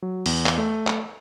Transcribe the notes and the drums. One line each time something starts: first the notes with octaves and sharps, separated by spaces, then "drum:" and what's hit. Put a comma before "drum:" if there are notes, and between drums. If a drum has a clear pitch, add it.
F#3
E2, drum: open hi-hat
drum: clap
A3
drum: clap